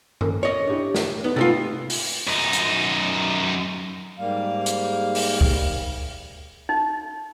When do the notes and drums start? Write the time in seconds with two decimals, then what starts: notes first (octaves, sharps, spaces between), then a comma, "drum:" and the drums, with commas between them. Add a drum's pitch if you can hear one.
0.21 C#4 A4 A#4, drum: tom G2
0.43 C#5 D#5
0.67 D4 E4 G4
0.95 drum: snare
1.24 B3 D#4
1.36 G#2 C3 A3 B3 F4 A6
1.90 drum: open hi-hat
2.27 F#2 D#4
2.53 drum: hi-hat
4.19 G#2 G3 A#3 F5
4.66 drum: hi-hat
5.15 drum: open hi-hat
5.41 drum: kick
6.69 D#4